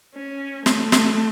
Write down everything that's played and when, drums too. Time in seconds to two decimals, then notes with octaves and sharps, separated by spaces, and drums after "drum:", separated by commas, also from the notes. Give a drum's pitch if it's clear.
0.15 C#4
0.66 A3, drum: snare
0.92 drum: snare